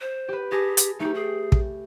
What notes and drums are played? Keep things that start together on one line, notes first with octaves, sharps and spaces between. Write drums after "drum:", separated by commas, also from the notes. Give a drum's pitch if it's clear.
C5
G4 B4
G4 G#4 A5 A#6
drum: hi-hat
A3 D#4 G4
G#4
drum: kick